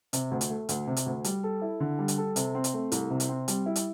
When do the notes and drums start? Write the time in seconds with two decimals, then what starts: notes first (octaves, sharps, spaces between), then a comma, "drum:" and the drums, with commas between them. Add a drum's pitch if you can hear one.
0.13 C3, drum: hi-hat
0.31 D2
0.41 drum: hi-hat
0.50 A3
0.69 D2, drum: hi-hat
0.87 C3
0.97 drum: hi-hat
1.06 D2
1.24 G3, drum: hi-hat
1.43 A4
1.62 E4
1.80 D3
1.99 G3
2.08 drum: hi-hat
2.18 A4
2.36 C3, drum: hi-hat
2.55 C4
2.64 drum: hi-hat
2.73 A3
2.92 C2, drum: hi-hat
3.10 C3
3.20 drum: hi-hat
3.29 C4
3.48 G3, drum: hi-hat
3.66 E4
3.76 drum: hi-hat